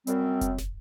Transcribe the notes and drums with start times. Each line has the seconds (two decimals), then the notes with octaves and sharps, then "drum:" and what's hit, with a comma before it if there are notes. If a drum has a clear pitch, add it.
0.07 F#2 G3 C4, drum: hi-hat
0.41 drum: kick F1, hi-hat
0.58 drum: snare